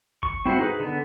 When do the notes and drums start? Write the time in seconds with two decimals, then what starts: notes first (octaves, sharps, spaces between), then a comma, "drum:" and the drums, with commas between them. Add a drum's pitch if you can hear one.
0.23 C#6, drum: kick G1
0.46 C4 E4 F#4 C5 F#5
0.59 D#4 G#4 B4
0.80 D3 B3